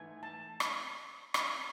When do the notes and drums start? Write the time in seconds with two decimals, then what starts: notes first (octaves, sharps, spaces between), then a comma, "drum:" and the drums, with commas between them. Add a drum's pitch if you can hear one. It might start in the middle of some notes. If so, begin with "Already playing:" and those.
Already playing: G#2 E3 A3 G#5
0.23 A5
0.60 drum: rim click
1.34 drum: rim click